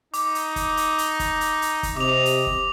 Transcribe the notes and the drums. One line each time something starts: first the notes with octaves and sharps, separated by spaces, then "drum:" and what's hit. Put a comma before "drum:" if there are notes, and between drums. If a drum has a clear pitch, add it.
D#4 D6, drum: hi-hat
drum: hi-hat
drum: kick, hi-hat
drum: hi-hat
drum: hi-hat
drum: kick, hi-hat
drum: hi-hat
drum: hi-hat
drum: kick, hi-hat
C3 D#5 D6 F7
drum: hi-hat
drum: kick